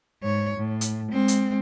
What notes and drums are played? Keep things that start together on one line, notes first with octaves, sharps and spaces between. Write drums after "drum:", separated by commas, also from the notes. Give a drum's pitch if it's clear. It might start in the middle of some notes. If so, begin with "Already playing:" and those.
G#2 C#5
A2
drum: hi-hat
G#3 C4
drum: hi-hat